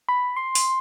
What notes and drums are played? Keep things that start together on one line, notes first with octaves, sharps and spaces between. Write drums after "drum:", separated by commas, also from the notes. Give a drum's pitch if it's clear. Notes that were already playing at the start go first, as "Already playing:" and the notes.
B5
C6
drum: open hi-hat